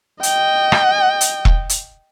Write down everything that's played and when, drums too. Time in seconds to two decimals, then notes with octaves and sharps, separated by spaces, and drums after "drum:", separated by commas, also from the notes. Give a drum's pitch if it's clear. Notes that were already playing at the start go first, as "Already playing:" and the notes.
0.23 D#5 G5, drum: hi-hat
0.72 drum: rim click
1.21 drum: hi-hat
1.45 drum: kick E1
1.69 drum: hi-hat